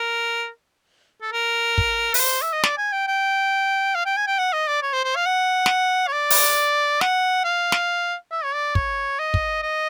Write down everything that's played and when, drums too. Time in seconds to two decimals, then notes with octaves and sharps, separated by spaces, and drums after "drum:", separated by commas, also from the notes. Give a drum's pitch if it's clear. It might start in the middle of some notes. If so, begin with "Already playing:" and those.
Already playing: A#4
1.22 A4
1.33 A#4
1.78 drum: kick
2.14 B4, drum: open hi-hat
2.20 C5
2.42 E5
2.53 D#5
2.63 D5, drum: snare
2.78 G#5
2.93 G5
3.07 G5
3.95 F5
4.06 G5
4.17 G#5
4.27 G5
4.39 F#5
4.53 D#5
4.68 D5
4.82 C#5
4.93 C5
5.04 C5
5.16 F5
5.26 F#5
5.66 drum: snare
6.08 C#5
6.13 D5
6.30 drum: open hi-hat
7.01 F#5, drum: snare
7.45 F5
7.72 drum: snare
8.31 E5
8.44 C#5
8.54 D5
8.75 C#5, drum: kick
9.19 D#5
9.34 drum: kick
9.63 D#5